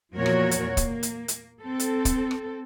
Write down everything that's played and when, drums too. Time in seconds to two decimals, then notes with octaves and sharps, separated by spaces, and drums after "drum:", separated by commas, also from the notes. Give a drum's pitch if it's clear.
0.15 E2 A#2 F3 F#4 A#4 C#5
0.26 drum: rim click
0.51 drum: hi-hat
0.77 A#3, drum: kick, hi-hat
1.03 drum: hi-hat
1.28 drum: hi-hat
1.62 C4 A4
1.80 drum: hi-hat
2.05 drum: kick, hi-hat
2.31 drum: rim click